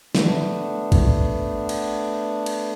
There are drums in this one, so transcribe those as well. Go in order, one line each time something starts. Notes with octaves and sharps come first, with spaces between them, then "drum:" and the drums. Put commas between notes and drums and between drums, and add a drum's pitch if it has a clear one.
A3 B3 D4, drum: snare
drum: kick, cymbal
drum: cymbal
drum: cymbal